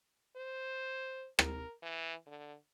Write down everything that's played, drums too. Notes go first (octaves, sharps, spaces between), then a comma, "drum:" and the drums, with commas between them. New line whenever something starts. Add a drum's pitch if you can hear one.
C5
A#4, drum: rim click
E3
D3